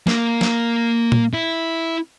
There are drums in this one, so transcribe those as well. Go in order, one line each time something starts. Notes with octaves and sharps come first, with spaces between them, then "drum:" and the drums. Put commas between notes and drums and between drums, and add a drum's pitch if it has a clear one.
A#3, drum: snare
drum: snare
drum: tom A#2
E4